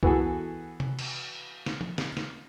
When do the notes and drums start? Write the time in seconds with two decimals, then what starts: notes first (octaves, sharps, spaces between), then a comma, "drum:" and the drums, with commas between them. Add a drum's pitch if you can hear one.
0.03 E3 B3 F#4 G#4 A4, drum: kick C2
0.80 drum: tom
0.99 drum: cymbal
1.66 drum: snare
1.81 drum: tom
1.98 drum: snare
2.17 drum: snare